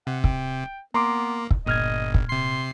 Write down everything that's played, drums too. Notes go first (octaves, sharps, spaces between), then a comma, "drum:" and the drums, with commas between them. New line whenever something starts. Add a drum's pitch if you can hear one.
C3 F#5
G5, drum: kick
A#3 B3 A#5 C6 D6
drum: kick
G1 A#2 D#5 F6 G#6
drum: kick
C3 C6 C7